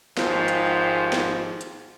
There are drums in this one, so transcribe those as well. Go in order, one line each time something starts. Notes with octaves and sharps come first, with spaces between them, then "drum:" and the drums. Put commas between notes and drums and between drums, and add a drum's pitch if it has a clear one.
G#1 G#2 F3 G4, drum: snare
drum: hi-hat
drum: snare
drum: hi-hat